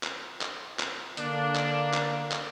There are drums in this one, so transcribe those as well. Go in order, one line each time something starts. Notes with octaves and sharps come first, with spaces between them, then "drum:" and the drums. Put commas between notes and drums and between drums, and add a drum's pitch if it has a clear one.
drum: clap
drum: clap
drum: clap
D3 A#3 D4, drum: hi-hat
drum: clap
drum: clap
drum: clap